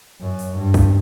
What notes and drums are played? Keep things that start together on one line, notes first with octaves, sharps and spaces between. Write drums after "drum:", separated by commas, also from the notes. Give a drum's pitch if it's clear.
F#2
drum: open hi-hat
G2
drum: kick C2, open hi-hat